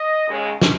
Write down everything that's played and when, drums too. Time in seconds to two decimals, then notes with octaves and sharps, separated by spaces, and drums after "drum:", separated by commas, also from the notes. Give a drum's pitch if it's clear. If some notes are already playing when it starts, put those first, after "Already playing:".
Already playing: D#5
0.27 D#2 C#3 G#3
0.62 drum: snare